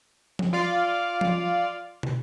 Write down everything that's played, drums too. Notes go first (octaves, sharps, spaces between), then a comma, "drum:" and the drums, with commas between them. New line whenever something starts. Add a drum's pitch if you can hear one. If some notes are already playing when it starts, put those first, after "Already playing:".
drum: tom F3
F4 D5 F5
drum: tom F3
drum: tom